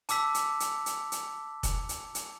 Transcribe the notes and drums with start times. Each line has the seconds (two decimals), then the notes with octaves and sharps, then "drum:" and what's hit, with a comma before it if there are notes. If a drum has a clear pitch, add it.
0.09 A5 D6 E6 B6, drum: hi-hat
0.34 drum: hi-hat
0.60 drum: hi-hat
0.86 drum: hi-hat
1.12 drum: hi-hat
1.63 drum: kick F1, hi-hat
1.89 drum: hi-hat
2.15 drum: hi-hat